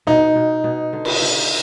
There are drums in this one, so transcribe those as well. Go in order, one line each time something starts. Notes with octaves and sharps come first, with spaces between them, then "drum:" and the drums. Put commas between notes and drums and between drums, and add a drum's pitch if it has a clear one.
B2 D#4
B2
B2
D3
drum: cymbal
D3